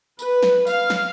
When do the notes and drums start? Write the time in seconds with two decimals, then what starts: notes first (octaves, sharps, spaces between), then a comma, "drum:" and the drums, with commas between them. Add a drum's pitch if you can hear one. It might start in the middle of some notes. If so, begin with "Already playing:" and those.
0.19 B4, drum: tambourine
0.43 drum: snare
0.67 F5, drum: tambourine
0.90 drum: snare